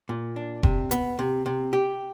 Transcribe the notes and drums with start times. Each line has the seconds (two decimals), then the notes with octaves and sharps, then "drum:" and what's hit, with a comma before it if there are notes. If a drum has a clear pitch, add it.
0.09 A#2
0.36 D4
0.63 C3, drum: kick F1
0.91 B3, drum: hi-hat
1.19 C3
1.46 C3
1.73 G4